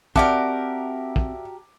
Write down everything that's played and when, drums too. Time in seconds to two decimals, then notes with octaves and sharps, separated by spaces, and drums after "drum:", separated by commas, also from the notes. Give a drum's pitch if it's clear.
0.16 C4 F#4 G4 A#4 D5 E5 A5 D6, drum: kick
1.16 drum: kick